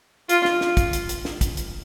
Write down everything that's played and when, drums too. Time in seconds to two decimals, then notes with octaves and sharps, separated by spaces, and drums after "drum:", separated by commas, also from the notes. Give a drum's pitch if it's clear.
0.29 F4, drum: hi-hat
0.45 drum: snare
0.61 drum: snare
0.77 drum: kick, hi-hat
0.93 drum: hi-hat
1.09 drum: hi-hat
1.25 drum: snare
1.41 drum: kick, hi-hat
1.57 drum: hi-hat